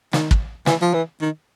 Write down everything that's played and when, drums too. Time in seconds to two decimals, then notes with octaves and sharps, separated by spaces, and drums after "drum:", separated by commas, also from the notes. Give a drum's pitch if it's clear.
0.13 D#3, drum: snare
0.31 drum: kick
0.66 E3, drum: snare
0.82 F3
0.94 E3
1.21 D#3